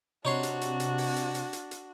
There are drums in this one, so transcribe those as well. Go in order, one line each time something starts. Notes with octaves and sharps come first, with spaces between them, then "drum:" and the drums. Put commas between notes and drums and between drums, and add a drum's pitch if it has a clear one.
C3 D4 D#4 F#4 C#5 C6
drum: hi-hat
drum: hi-hat
drum: hi-hat
drum: open hi-hat
drum: hi-hat
drum: hi-hat
drum: hi-hat
drum: hi-hat